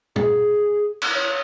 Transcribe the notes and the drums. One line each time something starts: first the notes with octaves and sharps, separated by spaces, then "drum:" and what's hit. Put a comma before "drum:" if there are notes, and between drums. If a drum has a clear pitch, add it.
G#4, drum: tom
drum: cymbal
C#5